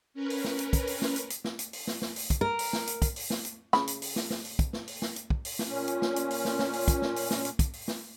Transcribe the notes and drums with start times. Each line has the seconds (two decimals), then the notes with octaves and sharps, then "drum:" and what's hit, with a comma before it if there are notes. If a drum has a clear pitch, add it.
0.14 C#4 A#4 B4
0.30 drum: open hi-hat
0.44 drum: snare
0.59 drum: hi-hat
0.73 drum: kick, hi-hat
0.87 drum: open hi-hat
1.02 drum: snare
1.16 drum: hi-hat
1.30 drum: hi-hat
1.44 drum: snare
1.59 drum: hi-hat
1.73 drum: open hi-hat
1.87 drum: snare
2.02 drum: snare
2.16 drum: open hi-hat
2.30 drum: kick, hi-hat
2.41 A#4
2.59 drum: open hi-hat
2.73 drum: snare
2.87 drum: hi-hat
3.02 drum: kick, hi-hat
3.16 drum: open hi-hat
3.30 drum: snare
3.45 drum: hi-hat
3.73 C#3 B5, drum: snare
3.87 drum: hi-hat
4.02 drum: open hi-hat
4.16 drum: snare
4.30 drum: snare
4.45 drum: open hi-hat
4.59 drum: kick, hi-hat
4.73 drum: snare
4.88 drum: open hi-hat
5.02 drum: snare
5.16 drum: hi-hat
5.30 drum: kick
5.45 drum: open hi-hat
5.59 drum: snare
5.69 A#2 C#4
5.88 drum: hi-hat
6.02 drum: snare
6.16 drum: hi-hat
6.30 drum: open hi-hat
6.45 drum: snare
6.59 drum: snare
6.73 drum: open hi-hat
6.88 drum: kick, hi-hat
7.02 drum: snare
7.16 drum: open hi-hat
7.31 drum: snare
7.45 drum: hi-hat
7.59 drum: kick, hi-hat
7.73 drum: open hi-hat
7.88 drum: snare